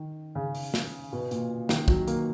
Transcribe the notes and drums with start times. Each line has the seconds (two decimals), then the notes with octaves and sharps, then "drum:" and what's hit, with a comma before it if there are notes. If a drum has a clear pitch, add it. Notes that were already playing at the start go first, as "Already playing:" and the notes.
Already playing: D#3
0.35 C#3
0.55 drum: open hi-hat
0.74 drum: snare
1.13 B2
1.31 A#2, drum: hi-hat
1.69 D#3, drum: snare
1.88 F#3, drum: kick
2.07 A#3, drum: hi-hat